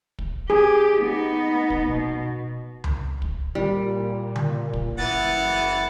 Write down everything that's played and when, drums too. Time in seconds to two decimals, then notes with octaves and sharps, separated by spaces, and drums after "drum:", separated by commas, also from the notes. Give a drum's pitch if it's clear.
0.19 drum: kick
0.50 G4 G#4
1.01 B3 D#4
1.70 drum: kick
1.89 B2
2.84 drum: tom C#2
3.22 drum: kick
3.55 A#2 G3
4.36 drum: tom C#3
4.73 drum: kick
4.98 F#1 E3 B3 F#5 A6